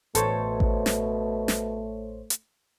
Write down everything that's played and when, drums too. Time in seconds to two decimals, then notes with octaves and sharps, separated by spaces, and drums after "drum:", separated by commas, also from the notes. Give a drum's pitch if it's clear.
0.15 A1 B2 A3 A4 C5 C#5, drum: hi-hat
0.60 drum: kick A1
0.86 drum: snare
1.48 drum: snare
2.30 drum: hi-hat